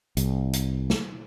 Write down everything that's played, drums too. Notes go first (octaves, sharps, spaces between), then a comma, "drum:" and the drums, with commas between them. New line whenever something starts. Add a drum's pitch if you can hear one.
C2, drum: hi-hat
drum: hi-hat
drum: snare